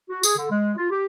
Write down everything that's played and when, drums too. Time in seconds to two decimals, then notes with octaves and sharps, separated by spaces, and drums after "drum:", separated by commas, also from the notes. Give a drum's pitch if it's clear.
0.09 F#4
0.23 G#4, drum: tambourine
0.37 D3
0.50 G#3
0.77 F4
0.90 G4